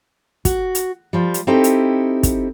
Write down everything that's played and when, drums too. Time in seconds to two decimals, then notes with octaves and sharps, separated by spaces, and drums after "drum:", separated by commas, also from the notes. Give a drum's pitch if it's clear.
0.45 F#4, drum: kick, hi-hat
0.75 drum: hi-hat
1.13 F3 G3
1.34 drum: hi-hat
1.47 C4 D#4 E4 G4 A4
1.64 drum: hi-hat
2.23 drum: kick, hi-hat